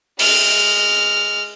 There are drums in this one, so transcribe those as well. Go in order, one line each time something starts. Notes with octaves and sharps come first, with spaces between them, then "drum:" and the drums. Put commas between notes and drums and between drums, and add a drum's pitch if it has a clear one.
G#3 F6, drum: open hi-hat